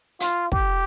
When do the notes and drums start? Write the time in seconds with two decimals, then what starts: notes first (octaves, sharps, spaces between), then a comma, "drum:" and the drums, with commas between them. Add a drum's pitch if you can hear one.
0.20 F4, drum: hi-hat
0.52 G4, drum: kick